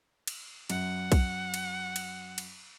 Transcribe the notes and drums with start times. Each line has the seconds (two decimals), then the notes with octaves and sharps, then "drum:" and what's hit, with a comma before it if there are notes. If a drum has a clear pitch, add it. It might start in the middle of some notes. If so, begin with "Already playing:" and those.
0.27 drum: cymbal
0.70 F#2 F#5, drum: cymbal
1.12 drum: kick B1, cymbal
1.54 drum: cymbal
1.96 drum: cymbal
2.38 drum: cymbal